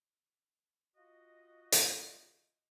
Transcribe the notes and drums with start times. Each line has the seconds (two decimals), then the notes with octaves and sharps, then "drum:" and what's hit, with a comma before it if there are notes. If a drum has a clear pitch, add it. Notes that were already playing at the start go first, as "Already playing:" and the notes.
0.96 F4 F#4 D#5
1.72 drum: hi-hat